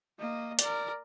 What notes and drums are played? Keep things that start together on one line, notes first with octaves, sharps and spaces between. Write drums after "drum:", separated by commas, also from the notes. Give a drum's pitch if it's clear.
A#3 D#5
A#4 D5, drum: hi-hat